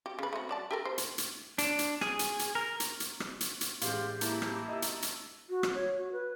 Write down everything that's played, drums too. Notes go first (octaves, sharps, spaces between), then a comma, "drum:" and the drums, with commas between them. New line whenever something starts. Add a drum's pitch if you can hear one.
F#4 G4
C#3 B4
A3 C4 F#4
F#3 D5 A5
G4 A4 A#4
C5
drum: hi-hat
drum: hi-hat
D4, drum: hi-hat
drum: hi-hat
G#4, drum: rim click
drum: hi-hat
drum: hi-hat
A#4
drum: hi-hat
drum: hi-hat
drum: rim click
drum: hi-hat
drum: hi-hat
A1 G#3 G4 F5 C6, drum: hi-hat
A#3 E4 A5 A#5, drum: hi-hat
drum: rim click
D#5 E6
drum: hi-hat
drum: hi-hat
F#4
drum: rim click
C#5
F#4
B4